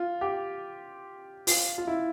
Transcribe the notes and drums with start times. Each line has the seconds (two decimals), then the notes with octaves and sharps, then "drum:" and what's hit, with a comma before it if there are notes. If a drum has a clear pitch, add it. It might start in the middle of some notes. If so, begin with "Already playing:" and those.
Already playing: F4
0.21 G4
1.47 F4, drum: open hi-hat
1.78 F4
1.87 E4